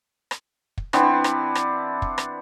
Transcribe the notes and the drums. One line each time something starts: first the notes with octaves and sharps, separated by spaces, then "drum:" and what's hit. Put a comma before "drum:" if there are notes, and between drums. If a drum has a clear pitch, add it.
drum: rim click
drum: kick
E3 B3 C4 D4, drum: rim click
drum: rim click
drum: rim click
drum: kick
drum: rim click